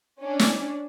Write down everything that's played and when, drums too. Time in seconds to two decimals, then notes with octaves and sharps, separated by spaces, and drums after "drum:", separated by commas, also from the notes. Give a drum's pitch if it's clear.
0.21 C#4 D4
0.39 drum: snare